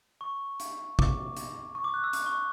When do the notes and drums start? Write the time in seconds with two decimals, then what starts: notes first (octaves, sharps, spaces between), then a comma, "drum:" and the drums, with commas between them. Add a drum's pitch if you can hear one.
0.21 C#6
0.60 drum: hi-hat
0.99 D6, drum: kick
1.37 drum: hi-hat
1.75 C#6
1.84 D6
1.94 F#6
2.04 E6
2.13 D6, drum: hi-hat
2.26 C#6